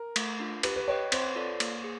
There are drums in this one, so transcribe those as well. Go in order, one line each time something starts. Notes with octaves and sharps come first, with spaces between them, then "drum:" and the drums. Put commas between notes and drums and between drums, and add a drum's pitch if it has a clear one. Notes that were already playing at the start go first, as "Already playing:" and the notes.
Already playing: A#4
A3, drum: cymbal
D4 F4
G4 B4, drum: cymbal
B4
B4 C#5 D#5 G5
C4 C5, drum: cymbal
F4 A4 D5
A#3, drum: cymbal
G#4